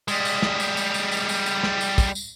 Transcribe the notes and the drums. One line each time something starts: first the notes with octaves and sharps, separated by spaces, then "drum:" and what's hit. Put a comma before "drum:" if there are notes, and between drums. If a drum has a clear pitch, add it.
G3 G#3, drum: tambourine
drum: tambourine
drum: snare
drum: tambourine
drum: tambourine
drum: tambourine
drum: tambourine
drum: tambourine
drum: tambourine
drum: snare
drum: tambourine
drum: kick, tambourine
drum: tambourine